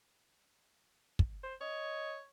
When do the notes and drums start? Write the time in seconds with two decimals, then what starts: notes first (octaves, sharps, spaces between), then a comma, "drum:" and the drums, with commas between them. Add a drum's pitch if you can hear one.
1.19 drum: kick
1.44 C5
1.61 C#5 D#5